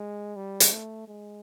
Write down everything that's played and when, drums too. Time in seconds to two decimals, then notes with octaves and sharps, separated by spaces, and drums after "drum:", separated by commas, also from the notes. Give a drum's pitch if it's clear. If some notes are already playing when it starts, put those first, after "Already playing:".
Already playing: G#3
0.36 G3
0.60 drum: hi-hat
0.72 A3
1.08 G#3